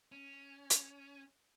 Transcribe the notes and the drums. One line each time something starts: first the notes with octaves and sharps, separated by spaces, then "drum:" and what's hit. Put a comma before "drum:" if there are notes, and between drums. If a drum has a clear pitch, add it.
C#4
drum: hi-hat